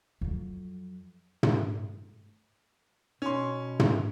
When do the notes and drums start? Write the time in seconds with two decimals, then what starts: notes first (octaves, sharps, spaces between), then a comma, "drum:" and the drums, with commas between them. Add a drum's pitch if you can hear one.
0.21 F2 F#3
1.43 drum: tom
3.22 B2 C#4 C6
3.79 drum: tom